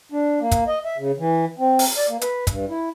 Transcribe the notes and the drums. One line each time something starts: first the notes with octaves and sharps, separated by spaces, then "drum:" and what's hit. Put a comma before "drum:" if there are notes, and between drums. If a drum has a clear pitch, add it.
D4
A#3
drum: kick, hi-hat
D#5
E5
C#3
E3
C4
drum: open hi-hat
D5
A#3
B4, drum: hi-hat
G2, drum: kick, hi-hat
E4